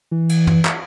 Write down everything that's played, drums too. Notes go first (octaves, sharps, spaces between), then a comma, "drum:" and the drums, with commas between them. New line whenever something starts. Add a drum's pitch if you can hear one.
E3
drum: cymbal
drum: tom
drum: clap